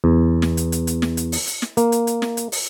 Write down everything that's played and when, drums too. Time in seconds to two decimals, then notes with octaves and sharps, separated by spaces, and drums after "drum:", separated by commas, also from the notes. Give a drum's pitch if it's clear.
0.04 E2
0.42 drum: snare
0.57 drum: hi-hat
0.72 drum: hi-hat
0.87 drum: hi-hat
1.02 drum: snare
1.17 drum: hi-hat
1.32 drum: open hi-hat
1.47 drum: hi-hat
1.62 drum: snare
1.77 A#3, drum: hi-hat
1.92 drum: hi-hat
2.07 drum: hi-hat
2.22 drum: snare
2.37 drum: hi-hat
2.52 drum: open hi-hat